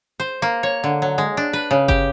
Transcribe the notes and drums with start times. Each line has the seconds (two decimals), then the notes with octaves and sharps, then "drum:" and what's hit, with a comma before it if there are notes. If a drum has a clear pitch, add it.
0.20 C5
0.42 A#3
0.63 C#5
0.84 D3
1.02 F#3
1.18 G#3
1.37 D4
1.53 B4
1.71 C#3
1.88 G4, drum: kick G1